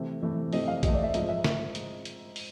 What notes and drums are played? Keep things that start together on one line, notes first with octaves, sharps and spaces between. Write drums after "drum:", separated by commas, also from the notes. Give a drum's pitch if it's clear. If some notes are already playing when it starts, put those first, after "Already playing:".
Already playing: C3 E3 A3
C3 E3 A3
C3 E3 A3 D#5, drum: open hi-hat
F5
C3 E3 A3 D#5, drum: kick A1, hi-hat
D5
E5
G#2 F3 G#3 D#5, drum: hi-hat
E5
drum: snare
drum: hi-hat
drum: hi-hat
drum: open hi-hat